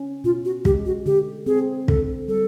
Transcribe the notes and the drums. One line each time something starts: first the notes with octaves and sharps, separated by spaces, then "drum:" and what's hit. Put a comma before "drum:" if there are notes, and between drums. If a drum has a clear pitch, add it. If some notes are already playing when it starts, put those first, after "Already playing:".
Already playing: C#4
B2 F4
F#4
G#3 G4, drum: kick
F#4
D3 G4
C4 G#4
D3 A4, drum: kick
G3 A4